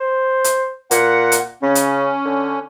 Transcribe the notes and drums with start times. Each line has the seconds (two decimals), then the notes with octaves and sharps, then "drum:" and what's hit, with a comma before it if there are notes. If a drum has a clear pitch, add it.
0.01 C5
0.44 drum: hi-hat
0.91 A#2 F#5, drum: hi-hat
1.32 drum: hi-hat
1.62 C#3 C#4
1.75 drum: hi-hat
2.25 D3